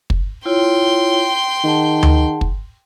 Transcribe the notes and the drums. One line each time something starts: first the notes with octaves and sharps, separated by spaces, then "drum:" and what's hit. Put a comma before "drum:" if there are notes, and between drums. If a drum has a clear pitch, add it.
drum: kick
E4 F4 C#5 G5 C6
D#3 G#4 F#5 A5
drum: tom D2
drum: kick